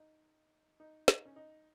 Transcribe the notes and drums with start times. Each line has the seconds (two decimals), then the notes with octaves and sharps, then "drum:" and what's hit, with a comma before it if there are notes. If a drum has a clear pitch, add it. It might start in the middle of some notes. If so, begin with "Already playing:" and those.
Already playing: D#4
0.80 D#4
1.08 D#4, drum: snare
1.26 C#4
1.36 D#4